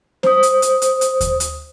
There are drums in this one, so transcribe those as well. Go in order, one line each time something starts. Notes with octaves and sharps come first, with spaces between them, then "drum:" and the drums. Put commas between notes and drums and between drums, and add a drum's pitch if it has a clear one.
C5 D#6, drum: snare C4
drum: hi-hat
drum: hi-hat
drum: hi-hat
drum: hi-hat
drum: kick D#2, hi-hat
drum: hi-hat